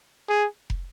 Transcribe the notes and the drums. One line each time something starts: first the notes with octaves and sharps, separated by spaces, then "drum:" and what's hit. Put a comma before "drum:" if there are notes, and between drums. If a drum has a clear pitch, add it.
G#4
drum: kick